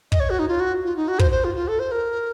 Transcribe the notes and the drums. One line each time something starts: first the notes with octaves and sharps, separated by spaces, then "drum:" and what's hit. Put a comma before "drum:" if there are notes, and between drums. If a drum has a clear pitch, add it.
D#5, drum: kick
C#5
F#4
D#4
F4
F#4
F4
D#4
F#4
C5, drum: kick
C5
F4
F4
A4
C5
A#4